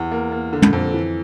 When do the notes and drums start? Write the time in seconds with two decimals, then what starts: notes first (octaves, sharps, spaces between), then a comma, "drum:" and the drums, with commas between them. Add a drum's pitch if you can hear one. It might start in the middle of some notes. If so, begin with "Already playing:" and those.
Already playing: E2
0.11 A#3
0.32 A#3
0.53 D3
0.62 drum: tom
0.73 F2
0.94 E3